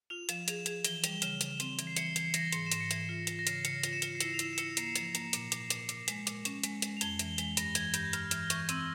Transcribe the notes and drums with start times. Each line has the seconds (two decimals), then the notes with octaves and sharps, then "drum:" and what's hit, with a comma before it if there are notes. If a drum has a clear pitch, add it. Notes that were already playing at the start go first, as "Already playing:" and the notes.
0.10 F4 F7
0.29 F3 E7, drum: hi-hat
0.48 G#4 F7, drum: hi-hat
0.66 G#4 F7, drum: hi-hat
0.85 E3 G7, drum: hi-hat
1.04 G3 F7, drum: hi-hat
1.22 C#3 E7, drum: hi-hat
1.41 C#3, drum: hi-hat
1.60 C4, drum: hi-hat
1.79 E3, drum: hi-hat
1.87 C7
1.96 E3 C#7, drum: hi-hat
2.16 E3 C7, drum: hi-hat
2.34 E3 A#6, drum: hi-hat
2.52 G#2 C#7, drum: hi-hat
2.66 E7
2.72 G#2, drum: hi-hat
2.81 C#7
2.91 E3, drum: hi-hat
3.09 F4 C7
3.27 F4, drum: hi-hat
3.39 A#6
3.47 C#3 C7, drum: hi-hat
3.65 C#3 C#7, drum: hi-hat
3.83 F4, drum: hi-hat
3.93 E7
4.02 F4, drum: hi-hat
4.15 C7
4.20 E4 C#7, drum: hi-hat
4.34 F7
4.39 E4 E7, drum: hi-hat
4.53 E7
4.58 E4 C#7, drum: hi-hat
4.77 A#3 C7, drum: hi-hat
4.96 F3, drum: hi-hat
5.15 A#3, drum: hi-hat
5.33 A#2, drum: hi-hat
5.52 A#2, drum: hi-hat
5.70 A#2, drum: hi-hat
5.89 A#2, drum: hi-hat
6.08 G#3, drum: hi-hat
6.27 A#2, drum: hi-hat
6.45 C#4, drum: hi-hat
6.64 G#3, drum: hi-hat
6.82 G#3, drum: hi-hat
6.97 F7
7.01 F2 G7, drum: hi-hat
7.19 E3, drum: hi-hat
7.38 G#3, drum: hi-hat
7.57 G2 A#6, drum: hi-hat
7.75 E3 G#6, drum: hi-hat
7.94 G2 G6, drum: hi-hat
8.13 G2 F6, drum: hi-hat
8.31 E3 F6, drum: hi-hat
8.50 E3 C#6, drum: hi-hat
8.69 C4 E6, drum: hi-hat